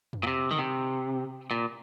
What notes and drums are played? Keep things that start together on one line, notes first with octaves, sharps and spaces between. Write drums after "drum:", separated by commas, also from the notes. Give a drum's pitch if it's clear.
drum: tom F2
A#2
C3
D#3, drum: tom
C3
A#2